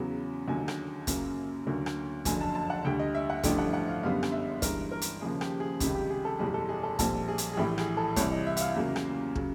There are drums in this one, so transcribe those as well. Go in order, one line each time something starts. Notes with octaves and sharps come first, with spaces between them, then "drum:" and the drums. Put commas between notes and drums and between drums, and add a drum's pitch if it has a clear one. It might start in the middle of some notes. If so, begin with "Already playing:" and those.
Already playing: E2 C#3 F#3 B3
D#2 D3 F#3 G#5
drum: rim click
F#2 C#3 F#3 A#3, drum: kick, hi-hat
D2 D3 F#3 A#3
drum: rim click
F#1 F2 D3 F#3 G#5, drum: kick, hi-hat
A5
A5
F#5
D2 D3 G3 G5
D#5
E5
F#5
A1 G2 D3 F3 A3 G5, drum: kick, hi-hat
F#5
F#5
F5
F#1 F#2 D3 G3 B3 F5
drum: rim click
E5
G2 E3 G#3 A#4, drum: kick, hi-hat
A#4
drum: hi-hat
D#2 C#3 F3 A#3 G#4
G4, drum: rim click
G#4
C#2 C3 D#3 G3, drum: kick, hi-hat
G4
G#4
A4
F#1 E2 B2 G3 G#4
A4
G#4
A4
A#1 A#2 G3 C4 A4, drum: kick, hi-hat
G#4
drum: hi-hat
G#4
A#1 A2 E3 G4
G#4, drum: rim click
A4
C2 C3 E3 C#5, drum: kick, hi-hat
D#5
E5
E5, drum: hi-hat
F5
E2 C#3 F#3 A#3
drum: rim click
C#3 F#3, drum: kick